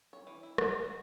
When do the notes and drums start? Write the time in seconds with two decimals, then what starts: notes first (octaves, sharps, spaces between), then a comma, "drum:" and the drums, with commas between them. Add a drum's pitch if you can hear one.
0.13 C#5
0.27 E3
0.43 E4
0.58 F#5, drum: rim click
0.70 A#4
0.85 F#4